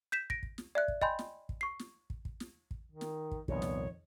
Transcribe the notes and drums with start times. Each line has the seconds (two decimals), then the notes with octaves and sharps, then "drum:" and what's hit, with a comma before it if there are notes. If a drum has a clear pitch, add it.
0.12 G6 B6 E7
0.30 A#6 D7, drum: kick
0.43 drum: kick
0.58 drum: snare
0.75 D5 E5 F#6
0.88 drum: kick
1.02 D#5 G5 G#5 B5 C6 G6, drum: kick
1.19 drum: snare
1.49 drum: kick
1.61 C#6 C7
1.79 drum: snare
2.10 drum: kick
2.25 drum: kick
2.40 drum: snare
2.71 drum: kick
2.92 D#3
3.01 drum: snare
3.31 drum: kick
3.48 C2 F2 A#2 D#3 B3 C#5, drum: kick
3.62 drum: snare